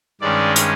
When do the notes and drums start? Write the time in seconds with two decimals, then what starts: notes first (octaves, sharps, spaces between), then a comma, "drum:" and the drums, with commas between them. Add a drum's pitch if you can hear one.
0.21 G2 D#3 G#3 C#4 D5
0.56 drum: hi-hat